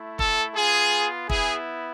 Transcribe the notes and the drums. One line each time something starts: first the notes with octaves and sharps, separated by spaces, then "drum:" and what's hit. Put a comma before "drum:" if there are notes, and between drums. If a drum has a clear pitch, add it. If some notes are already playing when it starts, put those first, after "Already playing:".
Already playing: A3 E4
A4, drum: kick
B3 F4 G#4
B3 E4 G#4, drum: kick